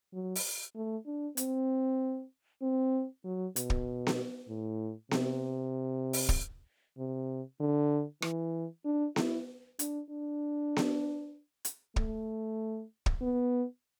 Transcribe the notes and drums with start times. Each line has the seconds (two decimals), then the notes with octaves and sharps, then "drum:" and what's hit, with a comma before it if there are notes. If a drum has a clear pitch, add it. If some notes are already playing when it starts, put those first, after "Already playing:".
0.13 F#3
0.35 drum: open hi-hat
0.75 A3
1.06 D4
1.37 C4, drum: hi-hat
2.62 C4
3.25 F#3
3.56 B2, drum: hi-hat
3.70 drum: kick
4.07 drum: snare B3
4.48 A2
5.11 C3, drum: snare B3
6.13 drum: open hi-hat
6.29 drum: kick
6.98 C3
7.60 D3
8.22 E3, drum: rim click
8.85 D4
9.16 E4, drum: snare B3
9.79 D4, drum: hi-hat
10.10 D4
10.76 drum: snare B3
11.65 drum: hi-hat
11.96 A3, drum: kick
13.06 drum: kick
13.21 B3